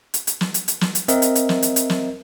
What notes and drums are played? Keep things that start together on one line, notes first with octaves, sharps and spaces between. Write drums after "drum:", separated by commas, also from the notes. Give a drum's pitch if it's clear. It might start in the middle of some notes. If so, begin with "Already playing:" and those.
drum: hi-hat
drum: hi-hat
drum: snare
drum: hi-hat
drum: hi-hat
drum: snare
drum: hi-hat
C4 A#4 D#5 E5, drum: hi-hat
drum: hi-hat
drum: hi-hat
drum: snare
drum: hi-hat
drum: hi-hat
drum: snare